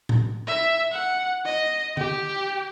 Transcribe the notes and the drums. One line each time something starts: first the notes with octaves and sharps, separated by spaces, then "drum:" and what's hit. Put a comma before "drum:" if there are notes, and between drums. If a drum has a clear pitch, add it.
drum: tom A2
E5
F#5
D#5
G4, drum: tom D3